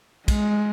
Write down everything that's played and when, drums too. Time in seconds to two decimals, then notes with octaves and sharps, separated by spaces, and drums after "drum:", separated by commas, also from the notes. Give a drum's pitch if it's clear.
0.28 G#3, drum: kick, cymbal